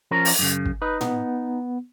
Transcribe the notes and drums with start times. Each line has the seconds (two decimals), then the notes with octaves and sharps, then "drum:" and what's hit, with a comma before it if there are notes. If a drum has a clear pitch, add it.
0.11 F3 C#4 A#4
0.25 drum: open hi-hat
0.39 F#2 C#3
0.65 drum: kick
0.82 D#4 B4
1.01 B3, drum: tom